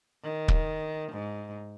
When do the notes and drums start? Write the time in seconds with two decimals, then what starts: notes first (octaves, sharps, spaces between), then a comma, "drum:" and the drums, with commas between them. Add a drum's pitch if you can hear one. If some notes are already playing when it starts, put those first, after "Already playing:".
0.24 D#3
0.48 drum: kick
1.12 G#2